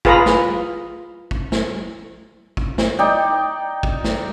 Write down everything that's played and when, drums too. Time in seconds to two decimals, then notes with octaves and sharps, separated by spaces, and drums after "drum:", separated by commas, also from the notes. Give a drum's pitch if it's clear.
0.05 F4 G#4 B4 F5 A#5 B5, drum: kick
0.26 drum: snare
1.31 drum: kick
1.52 drum: snare
2.57 drum: kick
2.78 drum: snare
2.99 D#4 D5 G5
3.83 drum: kick
4.04 drum: snare